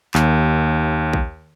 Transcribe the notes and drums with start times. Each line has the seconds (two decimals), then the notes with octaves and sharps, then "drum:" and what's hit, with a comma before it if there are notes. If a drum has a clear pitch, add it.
0.14 D#2, drum: clap
1.13 drum: kick A#1